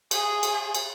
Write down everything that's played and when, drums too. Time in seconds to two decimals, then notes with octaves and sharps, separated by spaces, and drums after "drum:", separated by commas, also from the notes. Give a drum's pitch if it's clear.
0.11 G#4, drum: cymbal
0.43 drum: cymbal
0.75 drum: cymbal